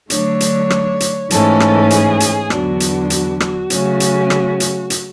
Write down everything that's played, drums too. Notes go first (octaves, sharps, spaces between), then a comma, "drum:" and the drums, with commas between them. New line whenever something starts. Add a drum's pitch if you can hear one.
D3 F#3 A3 D4 C#5, drum: hi-hat
drum: hi-hat
drum: rim click
drum: hi-hat
G#2 E3 A3 C#4 A4, drum: hi-hat
drum: rim click
G#4, drum: hi-hat
drum: hi-hat
E2 D3 F#3 B3 D4 F#4, drum: rim click
drum: hi-hat
F#4, drum: hi-hat
F#4, drum: rim click
C#3 F#3 A3 C#4, drum: hi-hat
drum: hi-hat
drum: rim click
drum: hi-hat
drum: hi-hat